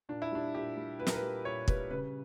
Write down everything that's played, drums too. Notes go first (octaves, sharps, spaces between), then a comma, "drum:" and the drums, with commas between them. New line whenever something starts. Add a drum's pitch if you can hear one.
A#2 D4
E4
G3 D4
A#2 G4
G3
A#2 B4
A#4, drum: snare
B4
G3
A#2 C#5
G3 B4, drum: kick
C#3 B4